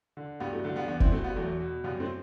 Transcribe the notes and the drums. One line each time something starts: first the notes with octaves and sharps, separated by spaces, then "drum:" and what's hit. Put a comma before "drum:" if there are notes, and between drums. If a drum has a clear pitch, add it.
D3
G2 G3 B3
F#3 A3
D3 F#3 A3
G3 B3
E2 B3 D4
C4 E4, drum: kick F1
B2 A3 C4
G3 B3
E2 F#3 A3
B2
F#2 G3 B3
A3 C4